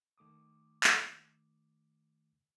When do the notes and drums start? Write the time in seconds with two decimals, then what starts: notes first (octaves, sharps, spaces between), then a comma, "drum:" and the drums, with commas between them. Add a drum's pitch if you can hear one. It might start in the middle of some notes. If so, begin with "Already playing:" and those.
0.18 D#3 A3 D6 D#6
0.84 drum: clap